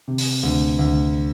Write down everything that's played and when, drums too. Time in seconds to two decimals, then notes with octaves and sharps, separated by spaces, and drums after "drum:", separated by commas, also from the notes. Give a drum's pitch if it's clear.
0.08 C3
0.18 drum: open hi-hat
0.43 D2
0.79 D2